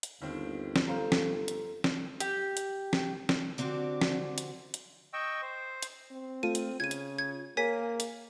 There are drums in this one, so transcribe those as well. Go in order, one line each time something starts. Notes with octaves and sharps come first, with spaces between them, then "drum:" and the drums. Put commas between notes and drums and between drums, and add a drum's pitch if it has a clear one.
drum: hi-hat
G1 D#2 D#3 C4
drum: snare
A4 C5 F5 A#5
drum: snare
drum: hi-hat
drum: snare
G4, drum: hi-hat
drum: hi-hat
drum: snare
drum: snare
D3 C4 D4 F#4 G4
drum: snare
drum: hi-hat
drum: hi-hat
D#5 G5 C#6 E6
C5
drum: hi-hat
C4
A3 F4 A4 D#7
drum: hi-hat
C#3 F4 G#6 D#7
drum: hi-hat
G#6
A#3 G#4 A#4 C#5 G#5 B6
drum: hi-hat